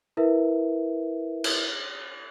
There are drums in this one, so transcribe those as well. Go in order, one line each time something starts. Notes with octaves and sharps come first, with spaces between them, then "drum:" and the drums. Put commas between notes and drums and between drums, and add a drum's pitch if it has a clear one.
E4 A#4 B4 E5
drum: cymbal